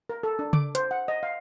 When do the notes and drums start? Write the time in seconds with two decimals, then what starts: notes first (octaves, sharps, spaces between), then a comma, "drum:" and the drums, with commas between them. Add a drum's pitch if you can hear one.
0.10 A#4
0.23 A4
0.39 D4
0.53 D6, drum: tom C#3
0.75 C5, drum: hi-hat
0.91 F#5
1.08 D#5
1.23 F5